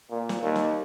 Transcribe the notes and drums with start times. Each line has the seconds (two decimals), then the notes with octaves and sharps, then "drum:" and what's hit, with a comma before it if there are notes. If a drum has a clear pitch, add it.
0.11 A#2
0.29 drum: snare
0.42 D#2
0.56 drum: snare